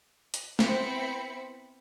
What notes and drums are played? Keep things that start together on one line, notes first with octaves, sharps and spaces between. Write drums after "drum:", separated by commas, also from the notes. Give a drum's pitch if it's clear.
drum: hi-hat
B3 C4 E4 C5 B5 C#7, drum: snare A3